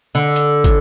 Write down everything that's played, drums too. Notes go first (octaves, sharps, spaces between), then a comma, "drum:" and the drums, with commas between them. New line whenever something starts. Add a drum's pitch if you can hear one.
D3
drum: hi-hat
drum: kick, hi-hat